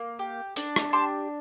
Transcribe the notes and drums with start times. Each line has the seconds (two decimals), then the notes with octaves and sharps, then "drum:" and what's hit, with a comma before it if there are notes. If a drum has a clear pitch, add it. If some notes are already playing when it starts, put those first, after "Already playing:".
Already playing: A#3
0.19 G4
0.56 D4, drum: hi-hat
0.76 drum: rim click
0.93 G4 A5 C6